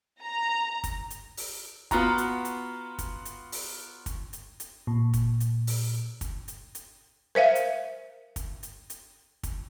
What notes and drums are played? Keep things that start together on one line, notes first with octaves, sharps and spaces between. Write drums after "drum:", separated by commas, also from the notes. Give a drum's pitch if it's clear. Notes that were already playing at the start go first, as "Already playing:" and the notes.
A#5
drum: kick, hi-hat
drum: hi-hat
drum: open hi-hat
B3 F4 F#4 A#5, drum: kick, hi-hat
drum: hi-hat
drum: hi-hat
drum: kick, hi-hat
drum: hi-hat
drum: open hi-hat
drum: kick, hi-hat
drum: hi-hat
drum: hi-hat
A#2
drum: kick, hi-hat
drum: hi-hat
drum: open hi-hat
drum: kick, hi-hat
drum: hi-hat
drum: hi-hat
A#4 C5 E5 F5
drum: hi-hat
drum: kick, hi-hat
drum: hi-hat
drum: hi-hat
drum: kick, hi-hat